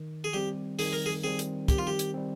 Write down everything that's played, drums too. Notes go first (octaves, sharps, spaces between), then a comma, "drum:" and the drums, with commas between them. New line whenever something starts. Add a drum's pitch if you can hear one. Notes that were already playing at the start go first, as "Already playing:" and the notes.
Already playing: D#3
G#4
G3 C4 G4
D#3 G#4, drum: open hi-hat
A#4
G#4
G3 C4 G#4
drum: hi-hat
D#3 G4, drum: kick, hi-hat
F4
G4
drum: hi-hat
G3 C4